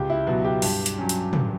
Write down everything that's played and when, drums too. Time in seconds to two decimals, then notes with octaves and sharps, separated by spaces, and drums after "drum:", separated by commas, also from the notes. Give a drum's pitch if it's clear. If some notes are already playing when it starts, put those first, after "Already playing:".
Already playing: C#2 G4
0.10 E4
0.27 B2 F#3 F#4
0.44 G4
0.62 G2, drum: open hi-hat
0.86 drum: hi-hat
0.98 F#3 C#4
1.09 drum: hi-hat
1.33 drum: tom